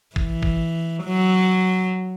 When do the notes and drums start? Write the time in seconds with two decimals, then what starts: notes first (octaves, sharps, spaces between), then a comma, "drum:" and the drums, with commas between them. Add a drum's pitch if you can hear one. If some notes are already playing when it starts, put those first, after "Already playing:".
0.16 E3, drum: kick
0.43 drum: kick
1.05 F#3